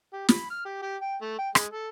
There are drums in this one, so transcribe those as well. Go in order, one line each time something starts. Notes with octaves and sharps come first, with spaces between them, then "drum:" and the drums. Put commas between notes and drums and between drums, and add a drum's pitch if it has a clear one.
G4
B5, drum: snare
F6
G4
G4
G5
A3
G5
G#3, drum: rim click
A4